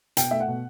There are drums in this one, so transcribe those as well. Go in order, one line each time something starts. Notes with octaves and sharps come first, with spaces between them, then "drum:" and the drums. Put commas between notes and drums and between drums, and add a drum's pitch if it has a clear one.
B2 G5, drum: hi-hat
A3 E5
F#5
B2